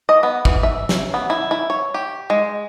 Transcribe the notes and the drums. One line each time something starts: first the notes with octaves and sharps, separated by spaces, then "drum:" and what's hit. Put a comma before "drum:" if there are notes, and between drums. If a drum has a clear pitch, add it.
D#5
B3
E3, drum: kick
E5
drum: snare
B3
E4
E4
C#5
G4
G#3